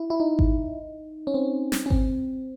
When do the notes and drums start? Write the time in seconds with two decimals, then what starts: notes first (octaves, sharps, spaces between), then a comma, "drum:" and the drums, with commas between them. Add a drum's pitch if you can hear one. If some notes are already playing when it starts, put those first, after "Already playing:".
Already playing: E4
0.10 E4
0.20 D#4
0.39 drum: kick G#1
1.27 C#4
1.34 C4
1.72 drum: snare
1.86 C#4
1.90 C4, drum: kick G#1